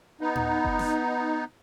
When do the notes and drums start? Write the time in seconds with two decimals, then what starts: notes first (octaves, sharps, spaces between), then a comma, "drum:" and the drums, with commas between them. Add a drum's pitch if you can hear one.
0.21 B3 D#4
0.36 drum: tom A2
0.65 drum: kick F#1
0.79 drum: snare